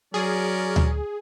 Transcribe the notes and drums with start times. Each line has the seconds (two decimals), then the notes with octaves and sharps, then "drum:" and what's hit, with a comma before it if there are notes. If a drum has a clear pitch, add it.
0.14 F#3 C#4 G#4 A#4 D5
0.76 drum: tom D2